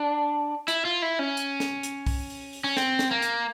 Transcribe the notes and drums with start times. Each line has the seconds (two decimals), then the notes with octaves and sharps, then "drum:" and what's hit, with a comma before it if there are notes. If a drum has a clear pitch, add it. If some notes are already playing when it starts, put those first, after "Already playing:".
Already playing: D4
0.68 E4, drum: hi-hat
0.85 F4
1.02 E4
1.19 C#4
1.37 drum: hi-hat
1.60 drum: snare
1.83 drum: hi-hat
2.07 drum: kick, open hi-hat
2.30 drum: open hi-hat
2.53 drum: open hi-hat
2.64 C#4
2.77 C4, drum: snare
2.99 drum: snare
3.11 A#3
3.22 drum: hi-hat